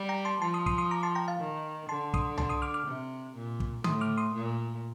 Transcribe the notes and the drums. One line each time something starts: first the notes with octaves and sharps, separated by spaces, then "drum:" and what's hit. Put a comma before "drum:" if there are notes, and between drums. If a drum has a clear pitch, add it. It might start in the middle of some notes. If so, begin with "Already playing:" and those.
Already playing: G3
G5 A#5
A5 C6
F3 A5 C6
C6 D#6
C6 D#6, drum: kick
C6 D#6
A#5 D6
A5 C6
G5 A#5
F5 A5
D#3
D3 A5 C6
C6 D#6, drum: kick
A5 C6, drum: tom C2
C6 D#6
D6 F6
D6 F6
C3
A#2
drum: kick
A2 C6 D#6, drum: tom D3
D6 F6
C6 D#6
A#2